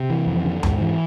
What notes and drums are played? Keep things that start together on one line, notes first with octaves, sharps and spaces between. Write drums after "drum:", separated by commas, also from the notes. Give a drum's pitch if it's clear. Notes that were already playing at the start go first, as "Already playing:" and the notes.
Already playing: C3
E3
F2
D3
G#2, drum: tom E2
E3